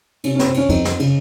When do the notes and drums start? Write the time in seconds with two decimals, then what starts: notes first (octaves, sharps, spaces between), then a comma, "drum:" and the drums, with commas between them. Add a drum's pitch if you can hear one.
0.24 C3 C#4, drum: cymbal
0.36 C#4
0.39 C3, drum: snare
0.47 C4
0.54 D#3 C#4, drum: cymbal
0.69 F2 C4 D#4, drum: kick C#2, cymbal
0.85 C4, drum: snare
0.99 C#3, drum: cymbal